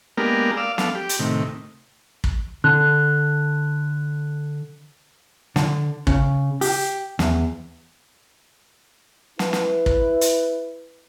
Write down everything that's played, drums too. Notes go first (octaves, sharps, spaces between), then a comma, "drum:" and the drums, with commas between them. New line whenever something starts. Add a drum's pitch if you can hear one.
G#3 A#3 B3 D4 G4 A#4
D5 F5 E6
B3 D4 A4 F5, drum: snare
G4
drum: hi-hat
A2 C3 D#3
drum: kick
D3 F#6
D3, drum: snare
C#3, drum: kick
G4, drum: open hi-hat
E2, drum: snare
E4 B4, drum: snare
drum: snare
drum: kick
drum: hi-hat